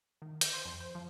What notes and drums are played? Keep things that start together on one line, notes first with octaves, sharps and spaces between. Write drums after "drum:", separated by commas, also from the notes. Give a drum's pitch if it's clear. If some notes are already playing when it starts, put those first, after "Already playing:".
D#3
G6, drum: hi-hat
C5
F2
C5
F3